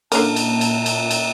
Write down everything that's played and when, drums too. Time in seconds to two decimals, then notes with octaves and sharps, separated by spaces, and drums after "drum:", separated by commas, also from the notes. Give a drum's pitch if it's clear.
0.12 A#2 D3 A#3 C#4 A#4 A5, drum: cymbal
0.36 drum: cymbal
0.61 drum: cymbal
0.86 drum: cymbal
1.11 drum: cymbal